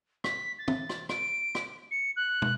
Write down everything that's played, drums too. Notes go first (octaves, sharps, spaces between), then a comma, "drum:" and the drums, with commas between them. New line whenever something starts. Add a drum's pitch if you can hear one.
B6, drum: rim click
A6
drum: tom
drum: rim click
D7, drum: rim click
drum: rim click
C#7
F#6
drum: tom